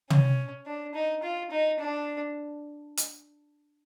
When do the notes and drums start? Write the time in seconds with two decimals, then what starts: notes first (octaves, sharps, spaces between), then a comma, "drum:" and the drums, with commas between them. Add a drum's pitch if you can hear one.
0.10 C#4, drum: tom
0.66 D4
0.95 D#4
1.23 F4
1.51 D#4
1.80 D4
2.97 drum: hi-hat